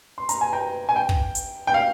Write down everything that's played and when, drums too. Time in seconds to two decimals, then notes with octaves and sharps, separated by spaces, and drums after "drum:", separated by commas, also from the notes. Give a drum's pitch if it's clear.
0.18 C6
0.29 A#5, drum: hi-hat
0.41 G#5
0.53 G5 A#5
0.89 G#5
0.96 G5
1.09 drum: kick
1.35 drum: hi-hat
1.67 G5
1.74 F5